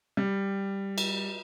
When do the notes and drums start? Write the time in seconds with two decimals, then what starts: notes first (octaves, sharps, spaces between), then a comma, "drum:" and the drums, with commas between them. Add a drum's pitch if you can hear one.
0.17 G3
0.98 drum: cymbal